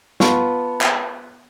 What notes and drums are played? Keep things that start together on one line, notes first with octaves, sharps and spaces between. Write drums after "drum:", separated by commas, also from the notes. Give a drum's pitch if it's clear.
B3 F4 B4 A5 B5 C#6, drum: snare
drum: clap